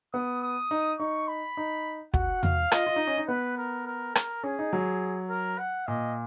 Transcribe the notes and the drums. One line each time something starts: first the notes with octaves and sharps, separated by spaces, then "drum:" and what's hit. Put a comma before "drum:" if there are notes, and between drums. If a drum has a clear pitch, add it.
B3 D#6
D#6
D#4
D#4 C#6
B5
D#4
F#4 F#5, drum: kick
F5, drum: tom E2
F4 D#5, drum: rim click
F4
D#4
C#4
D#4
B3 B4
A#4
A#4
A#4, drum: rim click
C#4 G#4
D#4
F#3
A#4
F#5
A#2 D#5